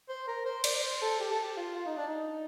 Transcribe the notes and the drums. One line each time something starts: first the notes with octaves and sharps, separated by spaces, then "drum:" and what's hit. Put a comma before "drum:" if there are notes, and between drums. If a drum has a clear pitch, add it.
C5
A#4
C5
D5, drum: cymbal
D5
C5
A4
G4
A4
G4
F4
F4
D#4
D4
D#4